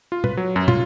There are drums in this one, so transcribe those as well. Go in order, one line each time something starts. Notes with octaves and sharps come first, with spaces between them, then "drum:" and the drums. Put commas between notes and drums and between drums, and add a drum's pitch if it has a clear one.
F4
B4, drum: tom
F#3
F#2
F4, drum: tom